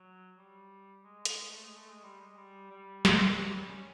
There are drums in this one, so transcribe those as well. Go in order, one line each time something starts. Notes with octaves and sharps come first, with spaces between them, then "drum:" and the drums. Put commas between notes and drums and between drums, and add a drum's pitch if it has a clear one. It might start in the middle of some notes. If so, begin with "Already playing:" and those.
Already playing: F#3
G3
G#3
drum: hi-hat
G#3
A3
G#3
A3
G#3
G3
G#3
G3
G3
drum: snare
F#3
G3
C#4